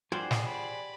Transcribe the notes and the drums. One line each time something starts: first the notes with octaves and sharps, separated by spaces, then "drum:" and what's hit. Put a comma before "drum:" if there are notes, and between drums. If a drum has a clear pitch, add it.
G3 F4 G#4 C5 F#5 C6
drum: snare
D5 B5